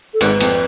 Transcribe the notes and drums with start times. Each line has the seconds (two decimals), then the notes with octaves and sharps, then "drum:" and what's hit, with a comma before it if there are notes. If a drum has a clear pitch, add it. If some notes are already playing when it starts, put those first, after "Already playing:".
0.14 A4
0.21 G#1 G#2 B4, drum: cymbal
0.41 F2, drum: cymbal